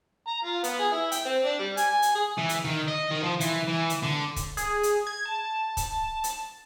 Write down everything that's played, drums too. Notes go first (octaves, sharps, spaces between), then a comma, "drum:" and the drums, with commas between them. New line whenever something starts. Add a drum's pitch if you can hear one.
A#5
F4
B3, drum: hi-hat
G#4
E4
G5, drum: hi-hat
C4
D4
G3
G#5, drum: hi-hat
G#5
drum: hi-hat
G#4
E3
drum: hi-hat
D#3
D#5
D#3
F3
E3, drum: hi-hat
E3
drum: hi-hat
D3
drum: kick, hi-hat
G#4, drum: hi-hat
drum: hi-hat
G#6
A5
drum: kick, hi-hat
drum: hi-hat